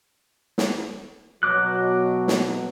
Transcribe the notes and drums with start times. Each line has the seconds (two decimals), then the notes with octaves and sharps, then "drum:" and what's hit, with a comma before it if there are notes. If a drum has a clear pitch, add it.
0.58 drum: snare
1.43 B2 F#3 D#5 D6 F#6
2.28 drum: snare